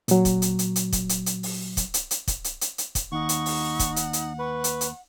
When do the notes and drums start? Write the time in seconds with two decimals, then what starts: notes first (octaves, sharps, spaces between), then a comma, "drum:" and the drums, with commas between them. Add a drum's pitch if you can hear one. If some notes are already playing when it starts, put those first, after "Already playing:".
0.08 A#2 F#3, drum: hi-hat
0.25 drum: kick, hi-hat
0.42 drum: hi-hat
0.59 drum: hi-hat
0.76 drum: hi-hat
0.92 drum: kick, hi-hat
1.09 drum: hi-hat
1.26 drum: hi-hat
1.43 drum: open hi-hat
1.77 drum: kick, hi-hat
1.94 drum: hi-hat
2.11 drum: hi-hat
2.28 drum: kick, hi-hat
2.44 drum: hi-hat
2.61 drum: hi-hat
2.78 drum: hi-hat
2.95 drum: kick, hi-hat
3.12 D#2 D#4 F#5 C#6
3.29 drum: hi-hat
3.46 drum: open hi-hat
3.79 drum: kick, hi-hat
3.96 drum: hi-hat
4.13 drum: hi-hat
4.39 B4 C#6
4.64 drum: hi-hat
4.81 drum: hi-hat